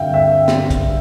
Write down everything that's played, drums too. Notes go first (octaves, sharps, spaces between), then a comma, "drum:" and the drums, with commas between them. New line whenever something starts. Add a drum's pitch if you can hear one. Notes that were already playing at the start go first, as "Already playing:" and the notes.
Already playing: G2 D3 G3 C4 E5 F5 G5
E5 G5
drum: snare
drum: kick, hi-hat